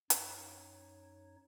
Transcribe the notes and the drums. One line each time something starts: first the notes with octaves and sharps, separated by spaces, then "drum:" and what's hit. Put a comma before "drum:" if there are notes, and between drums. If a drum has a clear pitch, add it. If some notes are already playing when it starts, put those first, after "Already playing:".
F#2 D#4 C#5, drum: hi-hat